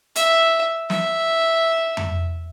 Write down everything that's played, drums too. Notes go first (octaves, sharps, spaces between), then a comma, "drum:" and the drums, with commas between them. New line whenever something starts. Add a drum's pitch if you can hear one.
E5, drum: hi-hat
E5, drum: snare
drum: tom F2